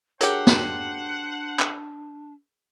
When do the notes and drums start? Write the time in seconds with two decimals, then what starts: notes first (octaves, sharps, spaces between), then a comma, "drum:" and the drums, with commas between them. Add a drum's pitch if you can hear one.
0.21 F#3 D4 G4 G#4 A#4 C5 F#5, drum: hi-hat
0.47 drum: snare
1.59 drum: clap